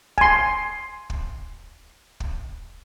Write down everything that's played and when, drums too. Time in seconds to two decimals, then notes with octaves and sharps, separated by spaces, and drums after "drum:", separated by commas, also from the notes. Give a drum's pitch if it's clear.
0.18 G#5 C6, drum: kick
1.10 drum: kick
2.20 drum: kick